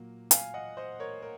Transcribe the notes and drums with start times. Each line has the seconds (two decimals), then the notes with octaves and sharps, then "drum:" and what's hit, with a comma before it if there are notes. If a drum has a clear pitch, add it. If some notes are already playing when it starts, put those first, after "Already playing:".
Already playing: A#2 F#3 A#3
0.31 F5 G#5, drum: hi-hat
0.54 D#5 F#5
0.77 C5 D#5
1.00 A#4 C#5
1.22 A#4